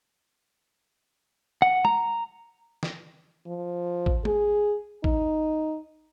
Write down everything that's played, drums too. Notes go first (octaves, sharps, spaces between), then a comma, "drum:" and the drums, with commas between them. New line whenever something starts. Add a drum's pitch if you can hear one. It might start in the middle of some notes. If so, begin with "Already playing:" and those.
F#5
A#5, drum: tom
drum: snare
F3
drum: kick A1
G#4, drum: tom
D#4, drum: kick A1